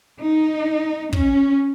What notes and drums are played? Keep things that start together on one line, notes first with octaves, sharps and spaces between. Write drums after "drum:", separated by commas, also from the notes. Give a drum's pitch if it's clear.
D#4
C#4, drum: kick